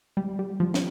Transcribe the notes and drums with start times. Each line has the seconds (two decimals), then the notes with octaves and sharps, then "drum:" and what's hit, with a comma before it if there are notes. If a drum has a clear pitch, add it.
0.17 G3
0.39 G3
0.60 F3
0.74 drum: snare